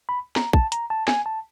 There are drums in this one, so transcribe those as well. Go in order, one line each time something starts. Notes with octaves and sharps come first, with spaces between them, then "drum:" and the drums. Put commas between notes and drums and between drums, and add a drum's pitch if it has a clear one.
B5
A#5, drum: snare
A5, drum: kick
A#5, drum: hi-hat
A5
G#5, drum: snare
A5